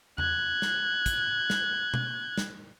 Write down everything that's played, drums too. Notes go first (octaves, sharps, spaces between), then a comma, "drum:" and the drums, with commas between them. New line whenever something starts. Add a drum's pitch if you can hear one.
F#6 G#6, drum: tom E2
drum: snare
drum: kick, hi-hat
drum: snare
drum: tom B2
drum: snare